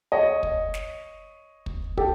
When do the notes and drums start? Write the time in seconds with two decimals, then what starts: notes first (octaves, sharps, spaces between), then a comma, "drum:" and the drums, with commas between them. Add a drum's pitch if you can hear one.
0.12 C#5 D#5
0.43 drum: kick
0.74 drum: snare
1.66 drum: kick
1.97 G4 A4, drum: kick